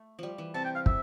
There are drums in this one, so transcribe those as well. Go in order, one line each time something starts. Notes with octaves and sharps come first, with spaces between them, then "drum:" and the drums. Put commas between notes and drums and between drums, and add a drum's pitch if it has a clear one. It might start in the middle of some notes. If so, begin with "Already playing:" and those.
Already playing: A3
F3 G3
E3
C3 A5
G5
F5
E5, drum: kick